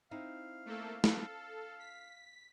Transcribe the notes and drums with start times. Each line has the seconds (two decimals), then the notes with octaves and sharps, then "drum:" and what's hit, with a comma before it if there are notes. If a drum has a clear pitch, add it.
0.11 C4 D#4 E4 F5
0.66 A3 A#3 A4
1.04 A4, drum: snare
1.80 B6